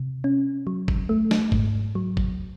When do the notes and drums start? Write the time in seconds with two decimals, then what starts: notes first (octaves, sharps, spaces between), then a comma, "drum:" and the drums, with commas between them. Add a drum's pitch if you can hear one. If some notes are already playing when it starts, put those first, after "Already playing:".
Already playing: C3
0.24 C#4
0.67 F#3
0.88 drum: kick G1
1.09 A3
1.31 drum: snare
1.52 G#2, drum: kick G1
1.95 F#3
2.17 drum: kick G1